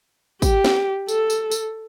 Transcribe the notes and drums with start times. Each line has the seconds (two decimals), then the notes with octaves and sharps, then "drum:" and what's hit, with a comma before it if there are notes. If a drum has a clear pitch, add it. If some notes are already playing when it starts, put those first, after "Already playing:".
0.42 G4, drum: kick, tambourine
0.64 drum: snare
1.08 A4, drum: tambourine
1.30 drum: tambourine
1.51 drum: tambourine